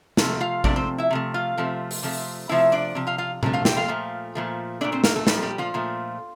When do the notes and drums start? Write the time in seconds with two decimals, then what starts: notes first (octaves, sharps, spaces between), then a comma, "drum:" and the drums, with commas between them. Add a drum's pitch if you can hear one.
0.17 C3 F3 A3, drum: snare
0.41 F4 F5
0.64 C3 F3 A3 D4 D5, drum: kick A1
0.76 C4 C5
0.98 E4 E5
1.11 C3 F3 A3
1.34 F4 F5
1.57 C3 F3 A3
1.91 drum: open hi-hat
2.03 C3 F3 A3
2.49 C3 F3 A3 E4 E5
2.72 D4 D5
2.95 C3 F3
3.07 F4 F5
3.18 F4 F5
3.43 C3 F3 A3, drum: tom A#2
3.53 F4 F5
3.65 G4 G5, drum: snare
3.76 F4 F5
3.88 A#2 F3 A3
4.35 A#2 F3 A3
4.81 A#2 F3 A3 D4 D5
4.92 C4 C5
5.04 A#3 A#4, drum: snare
5.16 A3 A4
5.27 A#2 F3 G3 A3 G4, drum: snare
5.42 G3 G4
5.58 F3 F4
5.74 A#2 F3 A3